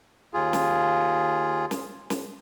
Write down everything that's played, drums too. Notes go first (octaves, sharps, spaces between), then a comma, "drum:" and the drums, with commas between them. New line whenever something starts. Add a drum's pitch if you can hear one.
D#2 F4 G#4
drum: snare
drum: snare
drum: snare